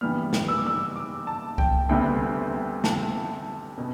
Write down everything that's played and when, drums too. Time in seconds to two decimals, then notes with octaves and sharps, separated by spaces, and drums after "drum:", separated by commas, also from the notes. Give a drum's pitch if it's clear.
0.01 G2 E3 G3 B3 F6
0.33 drum: snare
0.48 E6
0.58 D6
0.67 E6
0.96 D6
1.27 A5
1.58 G5, drum: kick C2
1.89 D2 C3 G3 B3 G5
2.84 A5, drum: snare
3.78 B2 B3